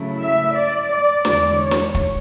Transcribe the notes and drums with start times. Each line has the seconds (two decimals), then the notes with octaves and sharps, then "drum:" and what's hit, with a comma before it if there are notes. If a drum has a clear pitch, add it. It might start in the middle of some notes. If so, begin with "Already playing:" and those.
Already playing: C#3 F#3 A3 E4
0.20 E5
0.55 D5
0.90 D5
1.25 E2 D3 G#3 D5, drum: snare
1.60 C#5
1.71 drum: snare
1.95 drum: kick